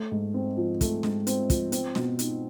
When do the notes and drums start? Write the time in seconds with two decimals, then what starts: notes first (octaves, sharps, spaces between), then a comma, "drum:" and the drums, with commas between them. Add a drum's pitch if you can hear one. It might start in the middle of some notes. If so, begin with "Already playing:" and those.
Already playing: A3
0.12 G#2
0.34 C4
0.57 F3
0.81 A3, drum: kick, hi-hat
1.03 G#2, drum: snare
1.27 C4, drum: hi-hat
1.50 F3, drum: kick, hi-hat
1.72 C4, drum: hi-hat
1.95 B2, drum: snare
2.19 D#4, drum: hi-hat